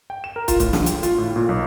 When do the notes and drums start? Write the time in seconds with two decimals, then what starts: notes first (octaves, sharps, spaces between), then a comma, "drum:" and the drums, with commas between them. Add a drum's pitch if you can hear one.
0.10 G5
0.24 E7
0.36 A#4
0.48 F4, drum: kick, hi-hat
0.60 A2, drum: kick, hi-hat
0.73 D3, drum: snare
0.86 G5, drum: hi-hat
1.03 F4, drum: hi-hat
1.18 A2
1.36 A#2
1.49 B1